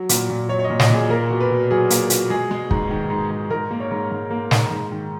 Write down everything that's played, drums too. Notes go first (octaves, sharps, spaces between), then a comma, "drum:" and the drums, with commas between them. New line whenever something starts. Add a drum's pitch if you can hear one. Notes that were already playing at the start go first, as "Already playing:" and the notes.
Already playing: F#3
A#2, drum: hi-hat
A#2
F#3 C#5
C#5
D#5
A#2
D#5, drum: snare
A#2 G#4
A#3 A#4
B2
B4
B2
F#3 G#4
A#3, drum: hi-hat
B2, drum: hi-hat
G#3 G#4
G#3
G#2, drum: kick
D#3
G#2
G#2
G#2 A#4
A#3
C#5
G#2
G#2
A#3
G#2, drum: snare
G#2
D#3